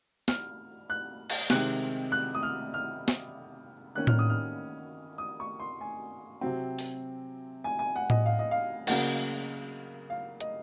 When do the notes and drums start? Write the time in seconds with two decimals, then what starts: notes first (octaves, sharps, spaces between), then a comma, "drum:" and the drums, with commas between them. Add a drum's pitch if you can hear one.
0.28 F6, drum: snare
0.90 F#6
1.30 drum: cymbal
1.50 C3 D#3 G#3 C4 F#6, drum: snare
2.12 F#6
2.35 D#6
2.43 F6
2.74 F6
3.08 drum: snare
3.95 D#3 A#3 C#4 F#6
4.07 F6, drum: tom A2
4.19 D#6
4.30 F6
5.18 D#6
5.40 C#6
5.60 C6
5.81 G#5
6.41 C3 F#3 C4
6.79 drum: open hi-hat
7.64 G#5
7.79 G#5
7.96 F#5
8.10 D#5, drum: tom A2
8.26 F5
8.39 D#5
8.51 F5
8.87 C#3 F#3 A#3 F#5, drum: cymbal
10.10 F5
10.40 D#5, drum: hi-hat